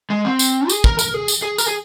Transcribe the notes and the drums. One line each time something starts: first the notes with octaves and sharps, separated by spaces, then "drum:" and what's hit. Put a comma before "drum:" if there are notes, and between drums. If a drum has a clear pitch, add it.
G#3
C4
drum: tambourine
G#4, drum: tambourine
A#4, drum: kick
A#4, drum: tambourine
G#4
drum: tambourine
G#4
A#4, drum: tambourine
G#4